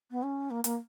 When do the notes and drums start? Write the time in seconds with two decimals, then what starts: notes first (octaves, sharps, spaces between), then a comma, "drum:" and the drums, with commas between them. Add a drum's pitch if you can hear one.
0.11 B3
0.23 C#4
0.50 A#3
0.64 A#3, drum: hi-hat